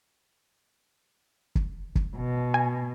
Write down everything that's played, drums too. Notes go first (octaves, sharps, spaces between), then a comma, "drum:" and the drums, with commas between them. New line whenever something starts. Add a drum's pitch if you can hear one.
drum: kick
drum: kick
B2
G#5